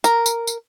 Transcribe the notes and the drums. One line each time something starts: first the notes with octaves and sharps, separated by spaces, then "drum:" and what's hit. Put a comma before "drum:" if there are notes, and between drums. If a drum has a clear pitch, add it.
A#4, drum: tambourine
drum: tambourine
drum: tambourine